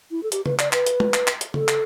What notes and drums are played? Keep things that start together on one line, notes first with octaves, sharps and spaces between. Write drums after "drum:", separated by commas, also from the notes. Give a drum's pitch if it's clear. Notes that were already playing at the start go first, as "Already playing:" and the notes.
E4
A4
G4, drum: hi-hat
B4, drum: tom C#3
D5, drum: clap
B4, drum: clap
drum: hi-hat
drum: tom
drum: clap
drum: clap
drum: hi-hat
A4, drum: tom C#3
drum: clap